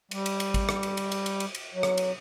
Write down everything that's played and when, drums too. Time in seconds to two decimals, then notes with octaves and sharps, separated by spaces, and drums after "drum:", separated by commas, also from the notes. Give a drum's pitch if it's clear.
0.11 G3, drum: cymbal
0.26 drum: cymbal
0.40 drum: cymbal
0.54 drum: kick G#1, cymbal
0.69 drum: rim click
0.83 drum: cymbal
0.97 drum: cymbal
1.12 drum: cymbal
1.26 drum: cymbal
1.40 drum: cymbal
1.55 drum: cymbal
1.74 F#3
1.83 drum: rim click
1.98 drum: cymbal